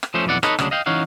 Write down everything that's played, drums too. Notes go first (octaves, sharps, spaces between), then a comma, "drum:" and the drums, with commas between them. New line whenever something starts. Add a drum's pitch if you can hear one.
drum: rim click
F3 A3 C#4 C5
B1 F2 E3 D5 F#5
D#4 A4 B4 C#5 D#5, drum: rim click
D2 C#3 F#3 G#3 D4, drum: rim click
D#5 F5 G5
E3 C#4 D#4 C#5 F5 F#5